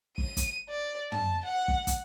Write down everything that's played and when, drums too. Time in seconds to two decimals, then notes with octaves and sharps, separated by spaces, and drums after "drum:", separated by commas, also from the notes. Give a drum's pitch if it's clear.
0.18 D#7, drum: kick
0.37 drum: kick, hi-hat
0.69 D5
1.12 A5, drum: tom
1.46 F#5
1.68 drum: kick
1.87 drum: kick, hi-hat